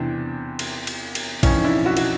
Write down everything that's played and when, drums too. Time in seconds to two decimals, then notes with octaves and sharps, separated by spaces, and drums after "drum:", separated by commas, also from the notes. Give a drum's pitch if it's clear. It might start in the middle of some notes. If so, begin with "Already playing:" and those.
Already playing: E2 C3 E3 C4 D4
0.59 drum: cymbal
0.87 drum: cymbal
1.15 drum: cymbal
1.43 F2 C#3 E3 C#4 D#4, drum: kick, cymbal
1.64 D4 E4
1.85 E4 F#4
1.97 F#4, drum: cymbal